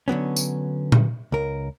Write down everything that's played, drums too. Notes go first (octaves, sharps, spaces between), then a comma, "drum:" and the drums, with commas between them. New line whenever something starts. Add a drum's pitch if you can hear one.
D3 F#3 B3 C#4
drum: tambourine
drum: tom A#2
C#2 A#4